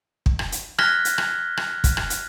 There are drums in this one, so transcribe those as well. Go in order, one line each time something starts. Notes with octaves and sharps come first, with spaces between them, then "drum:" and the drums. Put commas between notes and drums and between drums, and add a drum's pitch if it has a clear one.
drum: kick
drum: rim click
drum: hi-hat
F6 F#6 G#6 A#6 B6 G7, drum: rim click
drum: hi-hat
drum: rim click
drum: rim click
drum: kick, hi-hat
drum: rim click
drum: hi-hat